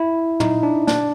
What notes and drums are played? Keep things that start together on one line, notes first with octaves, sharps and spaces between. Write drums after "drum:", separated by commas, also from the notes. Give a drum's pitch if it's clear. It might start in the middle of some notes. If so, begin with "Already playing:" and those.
Already playing: E4
D#4, drum: tom
D4
D4, drum: snare